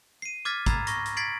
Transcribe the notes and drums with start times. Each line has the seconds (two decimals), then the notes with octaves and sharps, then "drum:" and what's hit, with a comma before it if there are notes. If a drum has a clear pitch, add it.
0.22 C7 D#7
0.45 D6 F6 G#6 A6 B6
0.66 A#5 B5 E6 G#6 A6 C7, drum: kick, hi-hat
0.87 C#6 A#6, drum: hi-hat
1.06 drum: hi-hat
1.17 G#6 A6 B6 C7 D7 F#7